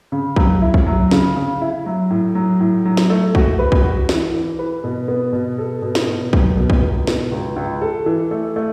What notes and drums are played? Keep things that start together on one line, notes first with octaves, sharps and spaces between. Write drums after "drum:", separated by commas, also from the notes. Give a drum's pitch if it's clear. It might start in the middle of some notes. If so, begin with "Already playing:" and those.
C#3
F#3, drum: kick B1
E4
drum: kick B1
F#3
C#3, drum: snare
C#3
E4
F#3
A2
F#3
A2
F#3
drum: snare
A3
F#4, drum: kick B1
B4
drum: kick B1
F#4
E3, drum: snare
E3
B4
B2
B3
B2
A4
B2
drum: snare
B2
F#3, drum: kick B1
B2
drum: kick B1
C#2
B2, drum: snare
C#2
C#2
A4
E3
A3
A3